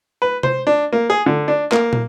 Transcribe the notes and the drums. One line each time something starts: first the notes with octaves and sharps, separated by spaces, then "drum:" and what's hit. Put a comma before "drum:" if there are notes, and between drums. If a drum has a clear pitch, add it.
B4
C5, drum: tom C3
D4
A#3
G#4
D3
D4
A#3, drum: clap
drum: tom